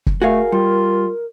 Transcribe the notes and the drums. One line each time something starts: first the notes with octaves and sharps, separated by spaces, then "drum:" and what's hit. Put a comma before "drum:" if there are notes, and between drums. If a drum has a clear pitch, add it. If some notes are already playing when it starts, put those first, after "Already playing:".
drum: kick
A3 F#4 G#4 A#4 F5
G3 F4